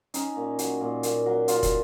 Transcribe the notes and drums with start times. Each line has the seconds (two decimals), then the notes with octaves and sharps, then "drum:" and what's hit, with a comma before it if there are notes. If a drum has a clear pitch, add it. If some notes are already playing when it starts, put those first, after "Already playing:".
0.14 C#4 D#4, drum: hi-hat
0.36 A#2
0.59 F#3, drum: hi-hat
0.81 A#2
1.03 A#2, drum: hi-hat
1.26 F#3
1.48 F#3 F4, drum: hi-hat
1.63 drum: kick, hi-hat